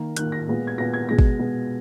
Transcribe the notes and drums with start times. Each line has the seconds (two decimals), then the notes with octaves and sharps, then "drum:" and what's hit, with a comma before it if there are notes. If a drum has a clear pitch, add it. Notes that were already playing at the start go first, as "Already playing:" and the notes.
Already playing: D#3 A#3 A#5
0.16 D#3 A#3 F#6, drum: hi-hat
0.32 A#6
0.47 A#2 G#3 B3
0.67 G#6
0.78 A#2 G#3 B3 A#6
0.94 G#6
1.09 B2 G#3 B3 A#6
1.19 drum: kick G#1
1.39 B2 G#3 B3